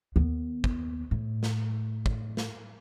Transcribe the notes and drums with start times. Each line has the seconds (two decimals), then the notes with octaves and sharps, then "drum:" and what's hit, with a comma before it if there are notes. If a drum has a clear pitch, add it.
0.16 D#2 B3
0.64 drum: kick
1.11 A2
1.43 drum: snare
2.06 drum: kick
2.37 drum: snare